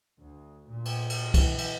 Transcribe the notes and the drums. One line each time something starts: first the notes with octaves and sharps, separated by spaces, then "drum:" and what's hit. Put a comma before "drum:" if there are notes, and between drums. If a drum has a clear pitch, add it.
D2
A#2
drum: cymbal
drum: cymbal
E3, drum: kick, cymbal
drum: cymbal